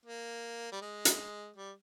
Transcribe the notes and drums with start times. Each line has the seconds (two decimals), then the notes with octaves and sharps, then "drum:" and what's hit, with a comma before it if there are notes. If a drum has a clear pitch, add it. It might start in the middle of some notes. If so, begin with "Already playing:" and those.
0.06 A#3
0.72 G3
0.81 G#3
1.05 drum: hi-hat
1.56 G3